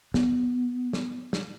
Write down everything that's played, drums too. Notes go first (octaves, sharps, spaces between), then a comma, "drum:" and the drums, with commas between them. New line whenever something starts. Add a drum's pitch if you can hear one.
B3, drum: snare
drum: snare
drum: snare